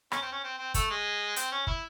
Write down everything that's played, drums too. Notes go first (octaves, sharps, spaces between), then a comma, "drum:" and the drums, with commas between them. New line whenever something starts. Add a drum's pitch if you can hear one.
C#4, drum: rim click
C4
C#4
C4
C4
A3, drum: kick, hi-hat
G#3
C4, drum: hi-hat
C#4
E4, drum: kick